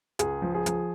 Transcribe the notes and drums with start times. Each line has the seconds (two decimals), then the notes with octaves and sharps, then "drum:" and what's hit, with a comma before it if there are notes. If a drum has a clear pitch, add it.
0.19 C#2 G#4, drum: hi-hat
0.42 F3
0.54 G#4
0.66 F3, drum: hi-hat